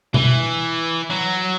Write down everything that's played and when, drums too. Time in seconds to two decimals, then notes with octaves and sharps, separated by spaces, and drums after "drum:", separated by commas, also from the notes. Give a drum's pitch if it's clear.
0.14 E3, drum: tom B2
1.10 F#3